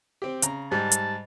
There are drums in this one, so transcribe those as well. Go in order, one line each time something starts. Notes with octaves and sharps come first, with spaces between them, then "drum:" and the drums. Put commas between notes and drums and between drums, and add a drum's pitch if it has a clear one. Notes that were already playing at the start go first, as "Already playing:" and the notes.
C4 G4
C#3 A#5, drum: hi-hat
G#2 G3 A5
drum: hi-hat